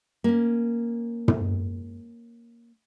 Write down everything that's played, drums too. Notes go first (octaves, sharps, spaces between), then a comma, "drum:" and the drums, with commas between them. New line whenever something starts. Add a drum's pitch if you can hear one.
A#3 C#4
drum: tom